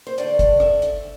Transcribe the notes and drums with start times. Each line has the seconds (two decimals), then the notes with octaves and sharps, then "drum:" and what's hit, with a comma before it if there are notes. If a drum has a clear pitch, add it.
0.07 C5
0.18 D3 A3 D4 D5, drum: hi-hat
0.39 drum: kick, hi-hat
0.60 E5, drum: rim click
0.82 drum: hi-hat